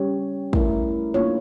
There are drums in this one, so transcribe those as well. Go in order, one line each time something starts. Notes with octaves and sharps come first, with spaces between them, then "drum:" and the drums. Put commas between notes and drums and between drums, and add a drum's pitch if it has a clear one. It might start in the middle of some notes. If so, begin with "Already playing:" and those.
Already playing: G3 C#4 G4 C#5
A3 E4 A#4 D5, drum: kick
A#3 D4 F4 C#5